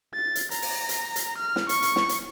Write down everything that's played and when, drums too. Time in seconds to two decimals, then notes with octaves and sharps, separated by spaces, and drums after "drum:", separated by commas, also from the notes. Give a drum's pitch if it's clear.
0.14 A6
0.35 drum: hi-hat
0.51 A#5, drum: hi-hat
0.62 drum: open hi-hat
0.89 drum: hi-hat
1.16 drum: hi-hat
1.38 F6
1.56 drum: snare
1.69 C#6, drum: hi-hat
1.83 drum: hi-hat
1.96 drum: snare
2.09 drum: hi-hat